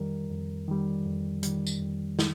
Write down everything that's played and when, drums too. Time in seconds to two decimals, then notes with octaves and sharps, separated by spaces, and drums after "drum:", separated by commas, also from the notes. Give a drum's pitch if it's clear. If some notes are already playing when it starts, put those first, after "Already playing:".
Already playing: F2 D#3 G3 A#4
0.30 F2
0.68 D#3 G3
1.06 F2
1.43 D#3 G3, drum: hi-hat
1.67 drum: tambourine
1.80 F2
2.19 D#3, drum: snare